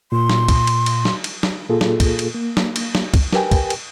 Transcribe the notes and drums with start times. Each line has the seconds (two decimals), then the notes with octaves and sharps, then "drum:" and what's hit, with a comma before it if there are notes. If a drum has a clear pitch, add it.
0.12 A#2 C6
0.30 drum: snare
0.48 drum: kick, cymbal
0.67 drum: cymbal
0.86 drum: cymbal
1.05 drum: snare
1.24 drum: cymbal
1.43 drum: snare
1.69 A#2 A#3 F4 G#4 A4
1.81 drum: snare
2.00 drum: kick, cymbal
2.19 drum: cymbal
2.35 A#3
2.57 drum: snare
2.76 drum: cymbal
2.95 drum: snare
3.14 drum: kick, cymbal
3.33 G4 A#4 B4 G5 G#5, drum: snare
3.51 drum: kick, cymbal
3.70 drum: cymbal